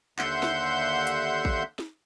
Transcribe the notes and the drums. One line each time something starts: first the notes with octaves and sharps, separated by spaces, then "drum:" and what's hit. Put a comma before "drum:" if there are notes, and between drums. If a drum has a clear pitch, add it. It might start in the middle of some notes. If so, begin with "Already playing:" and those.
D#2 D3 E5 F#5 C6 G6, drum: clap
drum: snare
drum: hi-hat
drum: kick A1
drum: snare